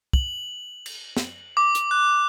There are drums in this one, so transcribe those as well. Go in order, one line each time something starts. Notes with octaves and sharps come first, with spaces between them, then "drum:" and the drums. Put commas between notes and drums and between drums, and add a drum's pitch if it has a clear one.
F#7, drum: kick
drum: cymbal
drum: snare
D6
drum: hi-hat
F#6